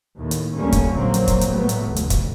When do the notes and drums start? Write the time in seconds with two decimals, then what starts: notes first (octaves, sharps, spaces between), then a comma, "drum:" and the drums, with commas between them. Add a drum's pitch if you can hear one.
0.16 D#2 A2
0.31 drum: hi-hat
0.53 D2 D3 G3 A#3 C#4
0.72 drum: kick, hi-hat
0.93 A#1 F#3 A#3 C4
1.14 drum: hi-hat
1.28 drum: kick, hi-hat
1.41 drum: hi-hat
1.51 A2 F#3 G3 A3 B3
1.69 drum: hi-hat
1.83 F1 D2
1.96 drum: hi-hat
2.10 drum: kick, hi-hat